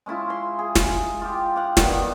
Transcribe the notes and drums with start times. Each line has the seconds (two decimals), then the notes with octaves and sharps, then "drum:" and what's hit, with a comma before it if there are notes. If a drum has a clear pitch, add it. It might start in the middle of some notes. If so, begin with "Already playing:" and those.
0.06 G#3 C#4 E4 F4
0.30 C6
0.59 G#4
0.75 drum: snare
1.21 F4 G4
1.56 G4 F5 F#5
1.77 G2 D#3 B3, drum: snare